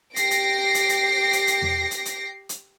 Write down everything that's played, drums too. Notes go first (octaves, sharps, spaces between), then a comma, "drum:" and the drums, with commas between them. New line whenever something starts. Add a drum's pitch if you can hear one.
G4 A#6 C7 D7, drum: hi-hat
drum: hi-hat
drum: hi-hat
drum: hi-hat
drum: hi-hat
drum: hi-hat
drum: tom E2
drum: hi-hat
drum: hi-hat
drum: hi-hat